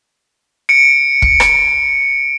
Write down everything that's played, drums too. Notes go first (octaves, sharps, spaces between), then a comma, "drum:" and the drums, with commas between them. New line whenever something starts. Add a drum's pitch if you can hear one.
C#7 D7
drum: kick
drum: rim click